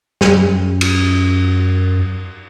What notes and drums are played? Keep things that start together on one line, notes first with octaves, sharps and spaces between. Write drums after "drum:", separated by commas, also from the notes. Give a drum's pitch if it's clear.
F#2, drum: snare
drum: cymbal